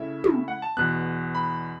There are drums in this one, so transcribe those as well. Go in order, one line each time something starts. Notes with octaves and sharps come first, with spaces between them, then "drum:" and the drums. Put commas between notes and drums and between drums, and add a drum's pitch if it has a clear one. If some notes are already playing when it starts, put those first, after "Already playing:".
Already playing: C#3 A3 C#4 E4 E5
drum: tom
F#5
A5
E2 B2 B3 F#6
B5